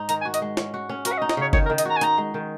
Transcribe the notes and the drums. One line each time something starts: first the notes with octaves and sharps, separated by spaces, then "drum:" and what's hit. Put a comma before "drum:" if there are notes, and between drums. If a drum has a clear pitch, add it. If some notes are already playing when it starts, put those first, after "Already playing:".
Already playing: G#2 D#4
D#3 A#5, drum: hi-hat
G#5
F#4
D#5, drum: hi-hat
G#3
C#4, drum: snare
F#4
C#4
F#4 A#4, drum: hi-hat
F#5
D#5
D#4
D#5, drum: snare
C#3 C#5
D#3 C#5, drum: kick F#1
A#4
D#3
D#5, drum: hi-hat
F#4 A#5
G#5
D#4 A#5, drum: hi-hat
G#3
D#3